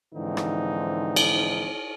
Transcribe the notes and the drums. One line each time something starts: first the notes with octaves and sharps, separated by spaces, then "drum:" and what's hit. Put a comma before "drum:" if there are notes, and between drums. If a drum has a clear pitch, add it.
G#2 D3 E3 F3 C4 D#4
drum: rim click
drum: cymbal